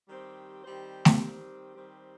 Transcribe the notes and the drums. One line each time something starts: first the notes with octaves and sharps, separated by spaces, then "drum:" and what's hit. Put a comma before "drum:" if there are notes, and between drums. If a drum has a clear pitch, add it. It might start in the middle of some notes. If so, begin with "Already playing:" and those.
D#3 G3 C4 G4 C5
D#3 G3 C4 G4 C5
drum: snare A3
D#3 G3 C4 G4 C5
D#3 G3 C4 G4 C5